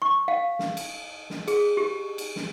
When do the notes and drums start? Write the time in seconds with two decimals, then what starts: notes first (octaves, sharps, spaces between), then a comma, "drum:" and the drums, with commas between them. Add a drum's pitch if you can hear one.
0.02 C#6
0.28 F5
0.59 drum: snare
0.77 drum: cymbal
1.30 drum: snare
1.48 G#4, drum: cymbal
1.77 G4
2.18 drum: cymbal
2.36 drum: snare